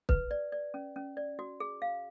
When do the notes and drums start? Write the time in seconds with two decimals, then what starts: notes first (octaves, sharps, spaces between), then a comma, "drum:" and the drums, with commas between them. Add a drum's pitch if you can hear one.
0.09 B4, drum: kick
0.31 D5
0.52 D5
0.74 C#4
0.96 C#4
1.17 D5
1.39 F#4
1.60 G#4
1.82 F5